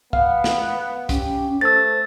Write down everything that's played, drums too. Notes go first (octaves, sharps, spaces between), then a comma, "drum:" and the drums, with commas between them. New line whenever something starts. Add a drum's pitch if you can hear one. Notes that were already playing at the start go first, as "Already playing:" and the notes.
B3 F5, drum: kick
drum: snare
C#4 G4, drum: kick, hi-hat
A3 C5 E6 A6